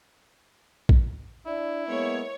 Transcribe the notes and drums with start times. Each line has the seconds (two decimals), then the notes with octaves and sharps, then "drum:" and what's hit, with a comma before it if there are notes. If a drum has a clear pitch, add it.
0.89 drum: kick A#1
1.46 D4 E4 D5
1.88 G#3 A#3 B3 C#5